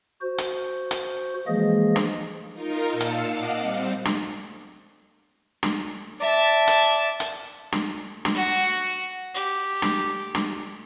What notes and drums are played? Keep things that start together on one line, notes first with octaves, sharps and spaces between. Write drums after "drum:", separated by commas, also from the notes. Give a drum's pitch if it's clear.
F#4 C5
drum: hi-hat
drum: hi-hat
E3 F3 G#3 A#3 G#4 D#5
drum: snare
D#4 F4 A#4
A#2 F5 A5 E6 C#7
drum: hi-hat
D#5 F5 F#5 D6
G3 C4
drum: snare
drum: snare
D5 E5 A5
drum: hi-hat
drum: hi-hat
drum: snare
drum: snare
F#4
G4
drum: snare
drum: snare